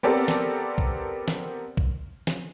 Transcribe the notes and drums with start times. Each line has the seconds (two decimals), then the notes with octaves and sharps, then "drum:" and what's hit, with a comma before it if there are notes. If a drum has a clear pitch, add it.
0.03 B3 C4 G4 A4 A#4 D5
0.28 drum: snare
0.78 drum: kick B1
1.28 drum: snare
1.77 drum: kick B1
2.27 drum: snare